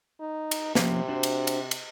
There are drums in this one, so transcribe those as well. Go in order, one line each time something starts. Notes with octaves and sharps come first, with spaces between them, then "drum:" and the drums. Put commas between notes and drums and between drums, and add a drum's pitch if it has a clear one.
D#4
drum: cymbal
C3 F3 A#3 C#4, drum: snare
D4 F#4 C5
drum: cymbal
drum: cymbal
drum: cymbal